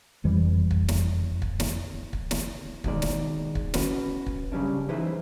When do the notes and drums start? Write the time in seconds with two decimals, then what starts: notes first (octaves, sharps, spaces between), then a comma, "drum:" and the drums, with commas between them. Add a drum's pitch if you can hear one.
0.24 F#1 F2 E3 G3
0.71 drum: kick
0.88 drum: snare
1.42 drum: kick
1.60 drum: snare
2.13 drum: kick
2.31 drum: snare
2.84 B2 D#3 G#3 D5, drum: kick
3.02 drum: snare
3.55 drum: kick
3.74 C#4 F#4 B4, drum: snare
4.26 drum: kick
4.52 C#3 F#3 G3 C#4 D4
4.89 E3 D#4 E4 G#4 B4 C5